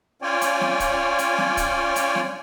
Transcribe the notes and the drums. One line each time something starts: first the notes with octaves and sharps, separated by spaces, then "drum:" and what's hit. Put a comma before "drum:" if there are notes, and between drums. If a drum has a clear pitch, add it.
C#4 F4 C#5 D5 G5 G#5
drum: hi-hat
drum: snare
drum: kick, hi-hat
drum: hi-hat
drum: snare
drum: kick, hi-hat
drum: hi-hat
drum: snare